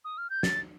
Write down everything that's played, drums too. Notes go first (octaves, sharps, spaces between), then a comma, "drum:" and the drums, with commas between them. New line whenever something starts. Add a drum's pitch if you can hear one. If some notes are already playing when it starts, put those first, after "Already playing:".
D#6
F6
G6
A6, drum: snare